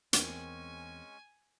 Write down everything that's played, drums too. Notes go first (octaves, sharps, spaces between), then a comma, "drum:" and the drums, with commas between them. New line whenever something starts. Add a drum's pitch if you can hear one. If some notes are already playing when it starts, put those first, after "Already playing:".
E2 G#3 C4 C#4 A#4 G#5 C#6, drum: hi-hat